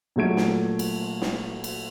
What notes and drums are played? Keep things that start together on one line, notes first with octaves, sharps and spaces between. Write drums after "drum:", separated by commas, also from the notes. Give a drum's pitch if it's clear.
A#2 F#3 A3 G#6 D7
drum: snare
drum: cymbal
drum: snare
drum: cymbal